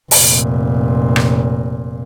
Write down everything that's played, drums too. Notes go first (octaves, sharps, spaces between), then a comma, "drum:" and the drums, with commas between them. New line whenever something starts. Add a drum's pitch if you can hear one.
F1 A#2, drum: open hi-hat
drum: rim click